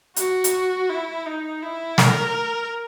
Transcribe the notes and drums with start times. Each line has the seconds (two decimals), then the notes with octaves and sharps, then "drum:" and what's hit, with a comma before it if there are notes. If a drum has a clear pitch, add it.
0.16 F#4, drum: hi-hat
0.44 drum: hi-hat
0.89 E4
1.26 D#4
1.62 E4
1.98 A#4, drum: snare